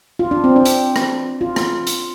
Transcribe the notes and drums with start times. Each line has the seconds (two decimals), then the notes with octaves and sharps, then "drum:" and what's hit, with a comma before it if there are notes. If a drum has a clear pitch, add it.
0.19 F4
0.31 D4
0.44 C4
0.56 D4
0.65 drum: hi-hat
0.96 drum: rim click
1.41 F4
1.56 drum: rim click
1.87 drum: hi-hat